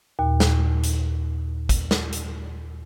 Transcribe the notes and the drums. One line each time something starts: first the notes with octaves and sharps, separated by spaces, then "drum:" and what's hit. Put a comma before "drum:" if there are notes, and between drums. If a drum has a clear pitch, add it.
D#2 A#2
drum: snare
drum: hi-hat
drum: kick, hi-hat
drum: snare
drum: hi-hat